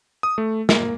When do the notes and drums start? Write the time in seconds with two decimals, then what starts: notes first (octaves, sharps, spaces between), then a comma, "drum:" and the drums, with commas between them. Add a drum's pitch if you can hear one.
0.23 D#6
0.38 A3
0.69 A#3, drum: snare